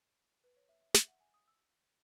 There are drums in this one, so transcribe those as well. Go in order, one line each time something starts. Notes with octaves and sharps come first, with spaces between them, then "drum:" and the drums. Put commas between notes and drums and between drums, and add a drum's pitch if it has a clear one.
B4
C#5
E5
E5
E5, drum: snare
F#5
G#5
D#6
E6